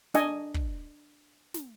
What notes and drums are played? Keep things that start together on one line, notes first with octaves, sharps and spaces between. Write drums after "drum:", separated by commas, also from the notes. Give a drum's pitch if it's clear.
D4 D#5 G#5, drum: snare
drum: kick
drum: snare